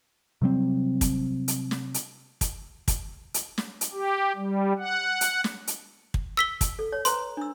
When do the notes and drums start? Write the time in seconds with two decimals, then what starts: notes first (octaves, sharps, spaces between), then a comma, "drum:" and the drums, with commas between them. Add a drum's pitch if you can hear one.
0.42 C3 F#3 G3 C4
1.01 drum: kick, hi-hat
1.48 drum: hi-hat
1.71 drum: snare
1.94 drum: hi-hat
2.41 drum: kick, hi-hat
2.88 drum: kick, hi-hat
3.34 drum: hi-hat
3.58 drum: snare
3.81 drum: hi-hat
3.93 G4
4.35 G3
4.79 F#5
5.21 drum: hi-hat
5.44 drum: snare
5.67 drum: hi-hat
6.14 drum: kick
6.37 E6 B6 G7
6.61 drum: kick, hi-hat
6.79 A4
6.92 C#5
7.05 B4 C5 A#5 C6, drum: hi-hat
7.37 D4 E6